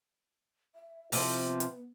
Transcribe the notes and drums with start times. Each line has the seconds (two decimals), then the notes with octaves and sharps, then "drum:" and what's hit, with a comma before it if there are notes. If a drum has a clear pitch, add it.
0.75 E5
1.12 C3 F3 E4, drum: open hi-hat
1.45 B3
1.60 drum: hi-hat